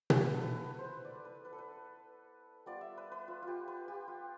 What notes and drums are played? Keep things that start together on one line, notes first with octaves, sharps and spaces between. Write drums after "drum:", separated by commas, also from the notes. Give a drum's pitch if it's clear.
drum: tom B2
B3 E4 B4
A4
B4
C5
B4
D5
B4
B4
A4
B4
G3 B3 F4 D5
E5
B4
B4
F4
F4 G4
B4
G4
F4